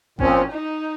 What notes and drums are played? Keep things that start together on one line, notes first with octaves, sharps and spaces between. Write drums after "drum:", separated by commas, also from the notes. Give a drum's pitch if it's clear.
A#2 F3 C4 C#4, drum: kick G#1
D#4